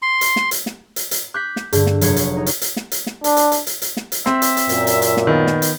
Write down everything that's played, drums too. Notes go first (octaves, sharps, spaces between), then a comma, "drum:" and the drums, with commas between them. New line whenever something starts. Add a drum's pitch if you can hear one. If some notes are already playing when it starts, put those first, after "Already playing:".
C6
drum: hi-hat
drum: snare
drum: hi-hat
drum: snare
drum: hi-hat
drum: hi-hat
D6 F#6 G6 B6
drum: snare
G2 D3 G#4, drum: hi-hat
drum: snare
F1 F#3 C#5, drum: hi-hat
drum: hi-hat
D#4
drum: hi-hat
drum: hi-hat
drum: snare
drum: hi-hat
drum: snare
D4, drum: hi-hat
drum: hi-hat
drum: hi-hat
drum: hi-hat
drum: hi-hat
drum: snare
drum: hi-hat
C4 E5, drum: snare
drum: hi-hat
drum: hi-hat
F#2 A#2, drum: hi-hat
drum: hi-hat
drum: hi-hat
drum: snare
D#3 B3
drum: snare
drum: hi-hat